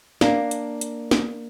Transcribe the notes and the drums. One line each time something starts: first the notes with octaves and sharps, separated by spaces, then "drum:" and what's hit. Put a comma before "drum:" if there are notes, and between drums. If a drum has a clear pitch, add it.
A#3 D4, drum: snare
drum: hi-hat
drum: hi-hat
drum: snare